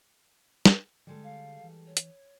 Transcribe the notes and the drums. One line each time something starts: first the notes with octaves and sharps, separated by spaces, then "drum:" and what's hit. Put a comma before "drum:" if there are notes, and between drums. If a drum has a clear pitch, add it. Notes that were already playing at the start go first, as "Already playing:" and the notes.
drum: snare
D3 G3 G#3 A4
F5
E3
C#5
drum: hi-hat